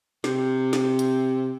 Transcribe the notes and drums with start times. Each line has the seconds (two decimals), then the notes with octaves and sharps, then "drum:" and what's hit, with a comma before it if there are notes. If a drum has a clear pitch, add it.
0.24 C3, drum: snare
0.73 drum: snare
0.99 drum: hi-hat